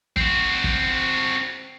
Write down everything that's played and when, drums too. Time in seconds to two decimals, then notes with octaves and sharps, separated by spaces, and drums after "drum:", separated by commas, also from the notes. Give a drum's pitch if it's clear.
0.17 C4 F#4, drum: kick
0.64 drum: kick